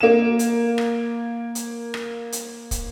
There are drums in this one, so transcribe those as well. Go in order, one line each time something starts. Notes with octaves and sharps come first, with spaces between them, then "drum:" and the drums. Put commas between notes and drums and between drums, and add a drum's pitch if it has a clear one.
A#3 E7
drum: hi-hat
drum: rim click
drum: hi-hat
drum: rim click
drum: hi-hat
drum: kick, hi-hat